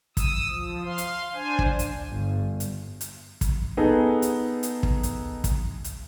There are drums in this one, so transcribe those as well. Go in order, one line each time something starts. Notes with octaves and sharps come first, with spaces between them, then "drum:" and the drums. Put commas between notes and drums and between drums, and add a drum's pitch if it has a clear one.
D#6 E6, drum: kick, hi-hat
F3
F5 C6
drum: hi-hat
D4 C5 G#5
drum: kick
drum: hi-hat
G1
drum: hi-hat
drum: hi-hat
drum: kick, hi-hat
B3 D#4 G#4 A4
drum: hi-hat
drum: hi-hat
drum: kick
drum: hi-hat
drum: kick, hi-hat
drum: hi-hat